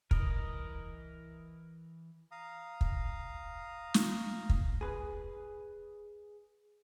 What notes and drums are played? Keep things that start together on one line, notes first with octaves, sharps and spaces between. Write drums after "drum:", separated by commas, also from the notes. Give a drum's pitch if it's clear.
C2 D3 E3 G3 A#4 B4 D#5, drum: kick
F5 A#5 D#6
drum: kick
drum: snare
drum: kick
G#4 B4